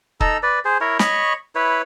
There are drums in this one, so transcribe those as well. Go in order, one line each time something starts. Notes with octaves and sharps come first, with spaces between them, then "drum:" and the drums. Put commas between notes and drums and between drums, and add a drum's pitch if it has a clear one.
D#4 A4 A#5 E6, drum: kick
B4 D5
G#4 C5
E4 A#4 C#5
C#5 D#5 B5 C#6, drum: snare
E4 B4 C#5